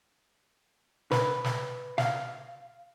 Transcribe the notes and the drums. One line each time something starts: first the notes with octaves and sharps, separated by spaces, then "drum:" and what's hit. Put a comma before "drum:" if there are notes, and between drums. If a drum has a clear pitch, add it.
B4, drum: snare
drum: snare
F5, drum: snare